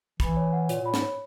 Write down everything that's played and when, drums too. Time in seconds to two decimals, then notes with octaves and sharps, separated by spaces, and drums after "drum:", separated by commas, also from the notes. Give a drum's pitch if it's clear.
0.20 E3 B5, drum: kick, hi-hat
0.36 C#5
0.53 F#5
0.69 A#2 C#5, drum: hi-hat
0.82 A#2 B5
0.94 G#2, drum: snare
1.02 C#5